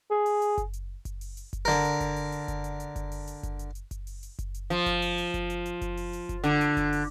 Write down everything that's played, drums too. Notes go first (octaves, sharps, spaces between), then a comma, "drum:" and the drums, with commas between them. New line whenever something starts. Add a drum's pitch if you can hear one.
G#4
drum: open hi-hat
drum: hi-hat
drum: kick F#1, hi-hat
drum: hi-hat
drum: kick F#1, hi-hat
drum: open hi-hat
drum: hi-hat
drum: kick F#1, hi-hat
D3 A#4
drum: hi-hat
drum: kick F#1, hi-hat
drum: open hi-hat
drum: hi-hat
drum: kick F#1, hi-hat
drum: hi-hat
drum: hi-hat
drum: kick F#1, hi-hat
drum: open hi-hat
drum: hi-hat
drum: kick F#1, hi-hat
drum: hi-hat
drum: hi-hat
drum: kick F#1, hi-hat
drum: open hi-hat
drum: hi-hat
drum: kick F#1, hi-hat
drum: hi-hat
F3, drum: hi-hat
drum: kick F#1, hi-hat
drum: open hi-hat
drum: hi-hat
drum: kick F#1, hi-hat
drum: hi-hat
drum: hi-hat
drum: kick F#1, hi-hat
drum: open hi-hat
drum: hi-hat
drum: kick F#1, hi-hat
D3, drum: hi-hat
drum: hi-hat
drum: kick F#1, hi-hat
drum: open hi-hat